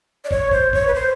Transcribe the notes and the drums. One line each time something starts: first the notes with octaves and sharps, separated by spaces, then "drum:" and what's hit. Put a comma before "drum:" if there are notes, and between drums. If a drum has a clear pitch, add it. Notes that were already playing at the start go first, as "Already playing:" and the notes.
D5
C#5, drum: kick
C5, drum: kick
C#5, drum: kick
B4
C5